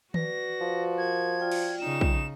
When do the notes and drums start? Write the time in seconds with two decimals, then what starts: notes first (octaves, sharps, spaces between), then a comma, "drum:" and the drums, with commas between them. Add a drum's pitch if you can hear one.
0.14 F#4 B4 D5 A#6, drum: tom D#3
0.61 F3
0.98 A#4 G#6
1.40 F4 D5 G5
1.52 drum: cymbal
1.79 C#3 D#4 E7
2.01 drum: kick